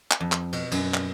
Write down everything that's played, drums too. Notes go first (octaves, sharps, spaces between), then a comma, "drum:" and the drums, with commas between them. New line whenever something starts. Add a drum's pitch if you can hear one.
drum: clap
F2
drum: clap
B2, drum: cymbal
F#2, drum: cymbal
drum: clap